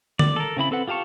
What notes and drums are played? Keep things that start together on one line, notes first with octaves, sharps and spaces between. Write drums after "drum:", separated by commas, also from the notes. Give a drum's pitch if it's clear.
D5, drum: tom
A4 A#4
C#3 C4 E4 B5
C4 A4 B4 F#5
F4 G4 F5 A5 C#6